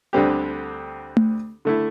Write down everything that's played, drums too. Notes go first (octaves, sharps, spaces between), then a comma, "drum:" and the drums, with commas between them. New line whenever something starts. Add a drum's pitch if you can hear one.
D2 D3 G3 C4 G4
drum: tom A3
D3 A3 E4